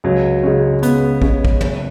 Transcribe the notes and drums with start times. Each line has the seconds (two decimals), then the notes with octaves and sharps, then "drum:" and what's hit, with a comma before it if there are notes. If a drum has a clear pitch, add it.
0.04 C#2 F#3
0.43 C#3 G#3 C#4
0.83 C#2 B3, drum: hi-hat
1.22 C#3 G#3 C#4, drum: kick
1.45 drum: kick
1.61 F#1, drum: tom